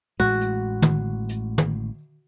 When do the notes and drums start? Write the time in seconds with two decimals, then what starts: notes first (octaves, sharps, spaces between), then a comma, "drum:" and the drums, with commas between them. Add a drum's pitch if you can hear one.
0.20 A1 A2 G#3 F#4
0.41 drum: hi-hat
0.82 drum: tom
1.29 drum: hi-hat
1.58 drum: tom